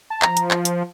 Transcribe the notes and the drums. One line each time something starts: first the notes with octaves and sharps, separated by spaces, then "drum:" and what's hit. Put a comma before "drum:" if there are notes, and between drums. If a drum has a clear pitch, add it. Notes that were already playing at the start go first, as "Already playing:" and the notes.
A5
F3 A#5, drum: clap
drum: hi-hat
drum: clap
drum: hi-hat